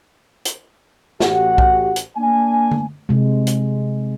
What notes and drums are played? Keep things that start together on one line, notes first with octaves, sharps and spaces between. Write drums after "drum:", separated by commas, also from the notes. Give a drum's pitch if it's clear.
drum: hi-hat
A1 F#4 G4 F#5, drum: snare
drum: kick B1
drum: hi-hat
A#3 D4 G#5
drum: tom
C3 G#3
drum: hi-hat